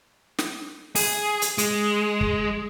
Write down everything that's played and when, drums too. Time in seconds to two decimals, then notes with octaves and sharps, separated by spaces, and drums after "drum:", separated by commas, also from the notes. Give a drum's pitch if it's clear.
0.38 drum: snare
0.96 G#4, drum: open hi-hat
1.42 drum: hi-hat
1.58 G#3, drum: hi-hat
2.21 drum: kick